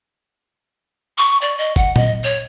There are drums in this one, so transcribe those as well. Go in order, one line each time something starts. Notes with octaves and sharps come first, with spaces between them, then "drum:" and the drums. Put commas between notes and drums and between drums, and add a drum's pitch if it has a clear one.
C#6
D5
D#5
F#5, drum: kick
D#5, drum: tom A#2
C#5